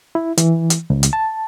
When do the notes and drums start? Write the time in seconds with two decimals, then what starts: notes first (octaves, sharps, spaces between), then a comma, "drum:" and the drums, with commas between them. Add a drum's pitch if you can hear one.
0.15 E4
0.38 E3, drum: hi-hat
0.70 drum: hi-hat
0.90 C#2
1.03 drum: hi-hat
1.13 A5